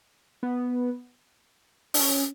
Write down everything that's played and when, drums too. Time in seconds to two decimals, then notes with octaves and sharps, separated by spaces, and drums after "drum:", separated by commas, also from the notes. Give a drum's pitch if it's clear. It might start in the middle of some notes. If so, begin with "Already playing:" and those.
0.43 B3
1.94 D4, drum: open hi-hat
1.99 C#4